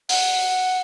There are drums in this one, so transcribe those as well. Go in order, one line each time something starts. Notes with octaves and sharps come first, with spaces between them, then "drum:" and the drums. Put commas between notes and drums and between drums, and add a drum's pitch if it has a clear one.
F#5, drum: open hi-hat